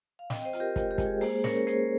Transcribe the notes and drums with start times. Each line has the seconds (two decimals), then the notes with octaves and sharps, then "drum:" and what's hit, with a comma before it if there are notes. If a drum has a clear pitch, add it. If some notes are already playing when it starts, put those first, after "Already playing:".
0.19 F5
0.30 C4 D#5 G5, drum: snare
0.45 C5 D#5
0.53 F4, drum: hi-hat
0.60 G4 A#4
0.76 G#3, drum: kick, hi-hat
0.91 G4
0.98 G#3, drum: kick, hi-hat
1.06 G#4
1.21 A#3 G#4 C5, drum: open hi-hat
1.44 C#4 A#4 C#5, drum: snare
1.67 A#3 G#4 C5, drum: hi-hat